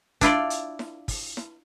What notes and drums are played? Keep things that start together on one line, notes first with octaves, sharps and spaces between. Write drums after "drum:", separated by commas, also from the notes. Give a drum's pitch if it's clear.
D4 E4 F4 D5, drum: kick, hi-hat
drum: hi-hat
drum: snare E4
drum: kick, open hi-hat
drum: snare E4